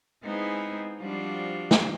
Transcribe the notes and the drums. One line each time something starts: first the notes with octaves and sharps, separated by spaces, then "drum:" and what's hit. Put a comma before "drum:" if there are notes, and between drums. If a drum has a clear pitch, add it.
G#3 B3 C4 D#4 E4 G#4
F3 G3 C4 D4 F4 F#4
drum: snare